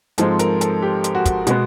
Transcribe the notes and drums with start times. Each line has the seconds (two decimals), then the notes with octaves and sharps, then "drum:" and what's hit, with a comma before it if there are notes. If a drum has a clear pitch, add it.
0.18 G#2 F3 G#3 C4 A4, drum: hi-hat
0.39 A#4, drum: hi-hat
0.61 A4, drum: hi-hat
0.82 G4
1.04 drum: hi-hat
1.15 F#4
1.25 drum: kick, hi-hat
1.47 B2 G#3 B3 F#4, drum: hi-hat